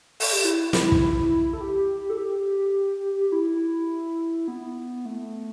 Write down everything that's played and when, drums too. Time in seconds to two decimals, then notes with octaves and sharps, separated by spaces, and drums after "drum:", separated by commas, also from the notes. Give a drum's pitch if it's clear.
0.20 A4, drum: open hi-hat
0.33 G4
0.44 E4
0.73 E4, drum: snare
0.92 drum: kick
1.53 A4
1.61 G4
2.10 A4
2.17 G4
3.32 E4
4.48 B3
5.05 A3